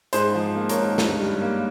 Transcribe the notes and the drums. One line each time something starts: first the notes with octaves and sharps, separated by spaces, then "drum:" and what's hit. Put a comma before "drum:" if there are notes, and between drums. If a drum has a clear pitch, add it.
G#2 G#4 C5, drum: hi-hat
F3
A#3
A#4 C#5, drum: hi-hat
G#2
G2, drum: snare
G3
A#3